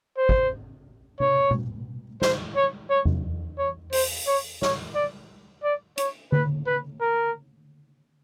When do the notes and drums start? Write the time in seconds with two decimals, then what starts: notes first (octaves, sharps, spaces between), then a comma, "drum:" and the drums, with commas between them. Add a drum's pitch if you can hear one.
0.18 C5
0.29 drum: kick
1.20 C#5, drum: tom C3
1.51 drum: tom B2
2.22 C5, drum: snare
2.56 C#5
2.90 C#5
3.05 drum: tom E2
3.59 C#5
3.92 C5, drum: open hi-hat
4.27 C#5
4.62 C#5, drum: snare
4.95 D5
5.63 D5
5.98 C#5, drum: hi-hat
6.32 B4, drum: tom D3
6.67 B4
7.01 A#4